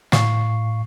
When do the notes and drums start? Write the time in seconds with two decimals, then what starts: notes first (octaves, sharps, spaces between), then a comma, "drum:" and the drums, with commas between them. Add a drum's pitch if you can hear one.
0.12 A2 F5 C#6 C7, drum: snare